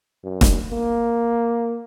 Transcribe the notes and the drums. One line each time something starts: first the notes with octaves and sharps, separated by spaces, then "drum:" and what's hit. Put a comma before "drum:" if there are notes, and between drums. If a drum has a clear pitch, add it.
F#2
drum: snare E1
A#3